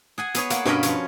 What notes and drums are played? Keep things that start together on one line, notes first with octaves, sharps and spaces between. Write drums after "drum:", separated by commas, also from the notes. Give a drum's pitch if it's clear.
G#4 F#5 G#5
B3 G#4 C#5, drum: hi-hat
A#3 F#5, drum: hi-hat
G2 B2 C#4 A#4 B4, drum: snare
F3 C#5, drum: hi-hat